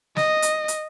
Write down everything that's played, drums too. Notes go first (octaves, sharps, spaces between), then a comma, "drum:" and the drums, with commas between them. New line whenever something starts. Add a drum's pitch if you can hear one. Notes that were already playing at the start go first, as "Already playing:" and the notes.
D#5, drum: snare
drum: hi-hat
drum: hi-hat